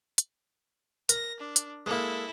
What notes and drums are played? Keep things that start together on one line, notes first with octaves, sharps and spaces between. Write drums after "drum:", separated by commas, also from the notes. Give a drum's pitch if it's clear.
drum: hi-hat
A#4 A#6, drum: hi-hat
D4
drum: hi-hat
G#3 A#3 E4 A4